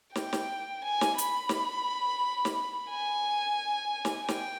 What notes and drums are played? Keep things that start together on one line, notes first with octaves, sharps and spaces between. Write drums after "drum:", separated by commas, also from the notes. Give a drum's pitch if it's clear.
G5, drum: snare
drum: snare
G#5
drum: snare
B5, drum: hi-hat
drum: snare
drum: snare
G#5
drum: snare
G5, drum: snare